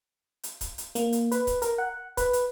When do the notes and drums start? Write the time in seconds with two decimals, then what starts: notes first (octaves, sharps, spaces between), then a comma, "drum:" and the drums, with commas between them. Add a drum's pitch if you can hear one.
0.43 drum: hi-hat
0.61 drum: kick C#1, hi-hat
0.78 drum: hi-hat
0.95 A#3, drum: hi-hat
1.12 drum: hi-hat
1.32 B4, drum: hi-hat
1.47 drum: kick C#1, hi-hat
1.62 A#4, drum: hi-hat
1.78 F#5
2.17 B4, drum: kick C#1, hi-hat
2.33 drum: hi-hat